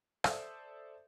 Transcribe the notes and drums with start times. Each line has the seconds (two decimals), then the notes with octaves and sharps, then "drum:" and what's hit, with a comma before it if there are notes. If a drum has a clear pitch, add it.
0.24 A4 C5 D5 E5 D#6 G6, drum: rim click